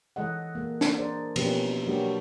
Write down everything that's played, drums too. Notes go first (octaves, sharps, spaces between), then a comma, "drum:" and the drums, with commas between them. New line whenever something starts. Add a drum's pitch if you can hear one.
E3 G#3 A4 D#5 F#5
G#3 A#3
drum: snare
D4 G#4 A#4 C5 D5
B2 F3 A#3 C#4 G4 B4, drum: cymbal
F#3 G#3 A#3 D4 F#4 G4